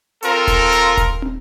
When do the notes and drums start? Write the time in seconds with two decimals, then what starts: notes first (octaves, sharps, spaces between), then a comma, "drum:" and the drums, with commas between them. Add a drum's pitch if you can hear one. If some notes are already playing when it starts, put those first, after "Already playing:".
0.23 C4 F4 A4 A#4, drum: hi-hat
0.47 drum: kick D#1, hi-hat
0.72 drum: hi-hat
0.97 drum: kick D#1, hi-hat
1.22 drum: tom